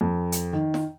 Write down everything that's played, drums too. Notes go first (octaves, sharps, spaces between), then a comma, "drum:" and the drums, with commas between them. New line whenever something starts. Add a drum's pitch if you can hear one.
F2
drum: hi-hat
D#3
drum: snare